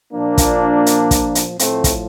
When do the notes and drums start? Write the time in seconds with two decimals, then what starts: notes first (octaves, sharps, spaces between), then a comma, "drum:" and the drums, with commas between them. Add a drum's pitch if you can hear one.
0.13 A#2 F3 A#3 D4
0.38 drum: kick, hi-hat
0.86 drum: hi-hat
1.11 drum: kick, hi-hat
1.35 drum: hi-hat
1.59 A2 F3 A3 C4, drum: hi-hat
1.84 drum: kick, hi-hat